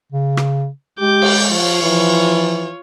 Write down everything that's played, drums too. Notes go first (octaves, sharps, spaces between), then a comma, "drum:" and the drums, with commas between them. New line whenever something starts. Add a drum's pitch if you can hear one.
C#3
drum: rim click
G#3 G4 D6 G6
drum: cymbal
F3 F4 C#5
E3 F3